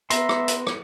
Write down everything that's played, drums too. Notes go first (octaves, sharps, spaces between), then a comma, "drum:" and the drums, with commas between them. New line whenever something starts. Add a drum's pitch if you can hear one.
B3 E5 A#5 C6, drum: hi-hat
drum: rim click
drum: hi-hat
drum: rim click